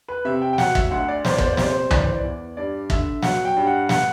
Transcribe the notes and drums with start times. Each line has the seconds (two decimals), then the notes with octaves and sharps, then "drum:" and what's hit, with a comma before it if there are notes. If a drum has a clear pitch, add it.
0.08 B4
0.25 C3 E5
0.42 G5
0.53 G5
0.58 F#3 F#5, drum: snare
0.75 E5, drum: kick
0.91 D2 F#5
1.08 D5
1.25 E2 C5, drum: snare
1.31 D5
1.38 C5, drum: kick
1.45 D5
1.53 C5
1.57 C3 D5, drum: snare
1.67 C5
1.91 E3 D5, drum: tom C2
2.03 C5
2.16 D5
2.24 E2
2.57 G2 D5
2.90 D3 E5, drum: kick
3.23 F#3 F#5, drum: snare
3.45 G5
3.56 G2
3.67 F#5
3.89 F#5, drum: snare